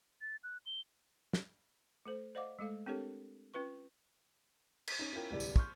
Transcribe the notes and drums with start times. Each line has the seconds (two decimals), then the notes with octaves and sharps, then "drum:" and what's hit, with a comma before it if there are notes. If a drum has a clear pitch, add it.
0.21 A6
0.44 F#6
0.66 G7
1.33 drum: snare
2.06 A3 A4 C5
2.35 C5 D5 D#5 F5 F#5 D6
2.59 G#3 A3 A4 F5
2.86 C4 D4 G4 A4 A#4 C#5
3.54 C#4 F4 B4 C#6
4.87 drum: cymbal
4.99 C#4 D#4
5.13 C#4 E4 F4 A#4 G5
5.31 D1 C2 G3 D5
5.40 drum: tambourine
5.56 C6 C#6 F6 G6, drum: kick